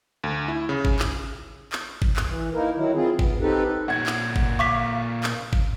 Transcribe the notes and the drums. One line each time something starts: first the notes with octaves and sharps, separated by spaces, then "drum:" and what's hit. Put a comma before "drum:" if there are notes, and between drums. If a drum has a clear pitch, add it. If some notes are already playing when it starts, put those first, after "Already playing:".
D2
E4
C#3
drum: kick G1
drum: clap
drum: clap
drum: kick G1
drum: clap
E3
A#3 D#4 E4 A#4
D#3 F#3 E4
C4 F4 G#4
B3, drum: kick G1
C4 D#4 G4 A4 B4
A#2 C#5 F#5 G#6
drum: clap
drum: kick G1
F5 C#6 D6 B6
drum: clap
drum: kick G1